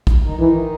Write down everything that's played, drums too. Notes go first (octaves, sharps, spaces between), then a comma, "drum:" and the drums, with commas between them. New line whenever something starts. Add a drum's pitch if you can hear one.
drum: kick
D#3 D#4
D#3 E3 D#4